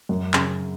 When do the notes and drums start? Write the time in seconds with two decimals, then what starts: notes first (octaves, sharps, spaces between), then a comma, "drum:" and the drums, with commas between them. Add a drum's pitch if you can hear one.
0.09 F#2
0.34 C#3, drum: clap